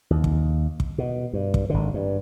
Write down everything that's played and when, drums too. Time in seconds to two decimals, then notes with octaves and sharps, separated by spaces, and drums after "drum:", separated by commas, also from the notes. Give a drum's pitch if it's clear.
0.10 D#2
0.24 drum: kick
0.80 drum: kick
0.98 B2
1.33 G2
1.54 drum: kick
1.70 G#1 D3
1.94 G2